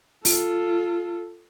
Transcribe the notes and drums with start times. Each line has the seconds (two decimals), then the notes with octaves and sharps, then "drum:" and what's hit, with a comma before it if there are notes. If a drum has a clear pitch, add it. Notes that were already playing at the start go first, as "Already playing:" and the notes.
0.25 F4 A4, drum: open hi-hat